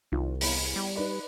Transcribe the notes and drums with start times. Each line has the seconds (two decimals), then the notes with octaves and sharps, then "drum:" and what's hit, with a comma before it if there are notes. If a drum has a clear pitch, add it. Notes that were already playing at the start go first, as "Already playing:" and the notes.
0.12 C2 D#3 F4
0.41 E2 B5, drum: open hi-hat
0.76 G3
0.96 D#4 B4 D5